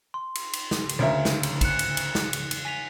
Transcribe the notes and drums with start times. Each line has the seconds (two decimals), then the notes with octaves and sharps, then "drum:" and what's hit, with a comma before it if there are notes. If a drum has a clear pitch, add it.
0.14 C6
0.35 drum: cymbal
0.53 drum: cymbal
0.71 drum: snare
0.89 drum: cymbal
0.99 D2 C#3 A#4 C#5 E5 A#5
1.25 drum: snare
1.43 drum: cymbal
1.61 F#6 C#7 E7, drum: kick G#1, cymbal
1.79 drum: cymbal
1.97 drum: cymbal
2.15 drum: snare
2.33 drum: cymbal
2.51 drum: cymbal
2.65 G#5 B6 F7